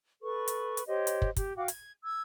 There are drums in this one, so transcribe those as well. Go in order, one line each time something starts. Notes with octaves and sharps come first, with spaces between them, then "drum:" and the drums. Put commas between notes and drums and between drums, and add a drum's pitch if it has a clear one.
A4 B4 C#6
drum: hi-hat
drum: hi-hat
G4 C5 C#5 D#5
drum: hi-hat
drum: kick
G4, drum: kick, hi-hat
F#4 F5 G5 D6
G#6, drum: hi-hat
E6 G#6